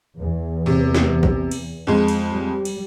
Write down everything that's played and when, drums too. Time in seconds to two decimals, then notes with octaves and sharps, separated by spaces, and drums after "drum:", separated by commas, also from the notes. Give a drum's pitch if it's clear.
0.16 E2
0.66 C3
0.95 drum: snare
1.23 drum: kick A1
1.51 drum: cymbal
1.87 F2 G#3
2.08 drum: cymbal
2.34 G3
2.65 drum: cymbal